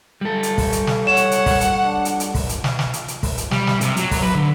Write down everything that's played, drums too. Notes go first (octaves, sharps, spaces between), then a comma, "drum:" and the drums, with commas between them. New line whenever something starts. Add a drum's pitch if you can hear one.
G3 A4
drum: hi-hat
drum: kick, open hi-hat
drum: hi-hat
drum: snare
C#5 F#5 E7
drum: hi-hat
drum: hi-hat
drum: kick, open hi-hat
drum: hi-hat
D4
drum: hi-hat
drum: hi-hat
drum: kick, open hi-hat
drum: hi-hat
drum: snare
drum: snare
drum: hi-hat
drum: hi-hat
drum: kick, open hi-hat
drum: hi-hat
G3, drum: snare
drum: snare
C3, drum: hi-hat
F#3, drum: hi-hat
drum: kick, open hi-hat
B4
D3